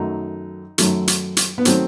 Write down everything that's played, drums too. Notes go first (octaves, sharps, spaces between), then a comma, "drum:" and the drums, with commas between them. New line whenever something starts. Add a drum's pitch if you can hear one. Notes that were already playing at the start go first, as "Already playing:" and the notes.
Already playing: F#2 D#3 F#3 A3 D#4
F#2 D#3 F#3 A3, drum: hi-hat
drum: hi-hat
drum: hi-hat
B3
D#3 F#3 A3 C4, drum: hi-hat